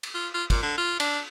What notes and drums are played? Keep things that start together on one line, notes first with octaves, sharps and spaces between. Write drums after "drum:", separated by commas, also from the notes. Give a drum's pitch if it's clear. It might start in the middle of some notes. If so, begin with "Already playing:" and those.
drum: cymbal
F4
F4
A#2, drum: kick, cymbal
D3
F4
D4, drum: cymbal